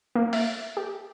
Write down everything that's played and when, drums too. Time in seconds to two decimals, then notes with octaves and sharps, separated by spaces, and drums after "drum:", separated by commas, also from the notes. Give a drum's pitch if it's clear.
0.15 A#3
0.33 E5, drum: open hi-hat
0.77 G4